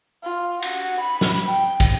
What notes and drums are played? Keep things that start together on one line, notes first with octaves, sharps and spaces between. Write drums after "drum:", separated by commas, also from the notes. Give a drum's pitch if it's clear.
F4
F#4, drum: cymbal
B5
drum: snare
G5
drum: kick, cymbal